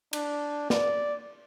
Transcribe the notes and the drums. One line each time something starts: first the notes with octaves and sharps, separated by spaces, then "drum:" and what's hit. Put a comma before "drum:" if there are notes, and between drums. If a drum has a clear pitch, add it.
D4, drum: cymbal
D5, drum: snare